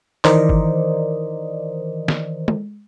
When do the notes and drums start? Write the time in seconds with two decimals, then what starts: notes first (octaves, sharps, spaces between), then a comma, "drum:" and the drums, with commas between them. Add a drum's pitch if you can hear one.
0.25 D#3 E3 A#4 C5 D5 D#5, drum: clap
0.49 drum: kick
2.08 drum: snare
2.48 drum: tom G#3